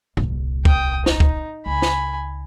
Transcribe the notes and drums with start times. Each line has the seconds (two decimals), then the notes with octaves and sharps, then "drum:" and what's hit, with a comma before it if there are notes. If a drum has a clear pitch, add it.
0.17 D#1 C2, drum: tom G#2
0.65 G5 D#6, drum: kick
1.06 D#4, drum: snare
1.20 drum: kick
1.66 C#2 G#5 B5
1.82 drum: snare